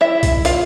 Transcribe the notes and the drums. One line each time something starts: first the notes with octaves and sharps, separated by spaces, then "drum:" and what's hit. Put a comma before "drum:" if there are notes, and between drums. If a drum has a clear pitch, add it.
E4 E5
drum: kick B1, hi-hat
F4 F5, drum: hi-hat